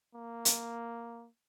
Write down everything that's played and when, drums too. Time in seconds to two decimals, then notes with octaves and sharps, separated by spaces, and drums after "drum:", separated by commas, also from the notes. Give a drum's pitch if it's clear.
0.15 A#3
0.45 drum: hi-hat